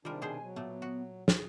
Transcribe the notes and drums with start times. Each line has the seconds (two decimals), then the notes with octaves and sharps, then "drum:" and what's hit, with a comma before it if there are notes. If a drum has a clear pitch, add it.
0.05 C3 D#3 G3 G#3 D4 F4 A#4
0.22 B2 G#4 C5 G#5
0.42 F#3
0.56 A#2 A3 B3
0.82 F#4
1.28 G#4, drum: snare